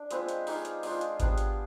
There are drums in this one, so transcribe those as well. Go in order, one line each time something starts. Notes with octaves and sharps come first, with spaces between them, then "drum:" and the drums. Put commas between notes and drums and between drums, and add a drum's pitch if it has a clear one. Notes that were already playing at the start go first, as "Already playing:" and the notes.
Already playing: D4
G#3 C4 F4 B4, drum: hi-hat
drum: hi-hat
D#4 G#4 D5 F5, drum: open hi-hat
drum: hi-hat
G#3 D4 F4, drum: open hi-hat
drum: hi-hat
G3 B3 D4 G#4, drum: kick G#1, hi-hat
drum: hi-hat